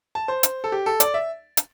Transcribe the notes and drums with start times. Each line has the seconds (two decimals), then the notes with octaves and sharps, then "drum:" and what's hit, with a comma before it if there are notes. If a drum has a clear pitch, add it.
0.15 A5
0.28 C5
0.43 drum: hi-hat
0.64 A4
0.72 G4
0.86 A4
1.00 D5, drum: hi-hat
1.14 E5
1.57 drum: hi-hat